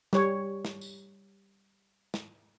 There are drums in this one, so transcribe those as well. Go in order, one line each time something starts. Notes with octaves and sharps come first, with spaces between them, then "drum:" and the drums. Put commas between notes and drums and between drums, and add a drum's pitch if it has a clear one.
G3 C#5, drum: snare
drum: snare
drum: tambourine
drum: snare